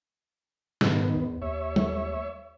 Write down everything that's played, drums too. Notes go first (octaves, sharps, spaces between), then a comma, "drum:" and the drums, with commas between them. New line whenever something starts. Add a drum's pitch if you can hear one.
G#2 D#3 B3, drum: snare
E2
D#2 C#5 E5
drum: tom